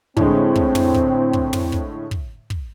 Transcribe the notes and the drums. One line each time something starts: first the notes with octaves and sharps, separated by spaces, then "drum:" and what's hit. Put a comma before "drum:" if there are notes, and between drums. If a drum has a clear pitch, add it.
A2 D3 G#3 C4, drum: kick
drum: kick
drum: tom
drum: kick
drum: kick
drum: tom
drum: kick
drum: kick
drum: kick